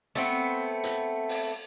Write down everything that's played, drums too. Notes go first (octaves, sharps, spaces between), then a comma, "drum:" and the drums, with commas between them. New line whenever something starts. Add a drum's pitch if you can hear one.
A3 B3 C4, drum: hi-hat
drum: hi-hat
drum: open hi-hat